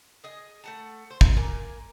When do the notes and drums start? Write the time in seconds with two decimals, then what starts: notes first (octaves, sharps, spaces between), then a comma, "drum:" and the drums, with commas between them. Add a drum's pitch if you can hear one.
0.24 G#4 D#5
0.64 A3 F#5 A5
1.11 C5
1.21 drum: kick
1.37 A#2 A#3 G#5